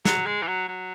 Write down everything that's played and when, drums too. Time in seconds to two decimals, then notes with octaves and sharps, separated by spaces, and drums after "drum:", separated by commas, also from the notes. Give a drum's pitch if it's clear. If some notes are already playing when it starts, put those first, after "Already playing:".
0.05 F#3, drum: snare
0.26 G#3
0.43 E3
0.47 F#3
0.69 F#3